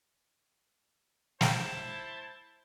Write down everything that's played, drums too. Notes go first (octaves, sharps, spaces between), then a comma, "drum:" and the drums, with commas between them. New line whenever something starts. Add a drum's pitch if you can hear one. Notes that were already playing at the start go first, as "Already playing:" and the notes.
E4 C5 F5 G5 A5 A#5, drum: snare